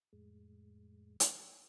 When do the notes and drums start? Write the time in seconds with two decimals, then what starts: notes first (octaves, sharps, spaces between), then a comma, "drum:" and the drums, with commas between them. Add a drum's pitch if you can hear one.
0.13 F2 A2 G#3
1.20 drum: hi-hat